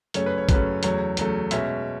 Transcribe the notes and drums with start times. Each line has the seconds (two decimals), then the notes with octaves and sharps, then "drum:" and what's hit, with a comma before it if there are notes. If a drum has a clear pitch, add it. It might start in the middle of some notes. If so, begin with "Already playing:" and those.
0.14 F#2 C#3 F#3 A3 C#4 C#5, drum: hi-hat
0.26 B4
0.38 C#5
0.49 F#2 C#3 F#3 A3 C#4 B4, drum: kick, hi-hat
0.83 E2 C#3 F#3 A3 C#5, drum: hi-hat
1.17 E2 C#3 F#3 A3, drum: hi-hat
1.51 B2 G#3 C#4 E5, drum: hi-hat